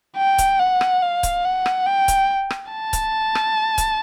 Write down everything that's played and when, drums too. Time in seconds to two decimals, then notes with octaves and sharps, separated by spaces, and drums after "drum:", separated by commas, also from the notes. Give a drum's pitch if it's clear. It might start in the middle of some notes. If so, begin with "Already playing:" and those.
0.17 G5
0.38 drum: kick C#1, hi-hat
0.59 F#5
0.81 drum: rim click
1.02 F5
1.23 drum: kick C#1, hi-hat
1.45 F#5
1.66 drum: rim click
1.86 G5
2.08 drum: kick C#1, hi-hat
2.50 drum: rim click
2.71 A5
2.93 drum: kick C#1, hi-hat
3.35 drum: rim click
3.78 drum: kick C#1, hi-hat